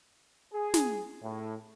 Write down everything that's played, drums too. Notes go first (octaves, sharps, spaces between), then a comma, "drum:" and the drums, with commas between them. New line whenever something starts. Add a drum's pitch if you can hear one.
G#4
drum: snare
A2